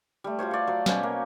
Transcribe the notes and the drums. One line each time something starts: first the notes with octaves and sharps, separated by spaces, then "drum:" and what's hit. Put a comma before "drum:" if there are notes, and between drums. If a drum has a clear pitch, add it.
G3 A3
F4 F#4 C5 C#5
D5 C#6
F#3 C5
B2 C#4 C5 C#5, drum: snare
A#3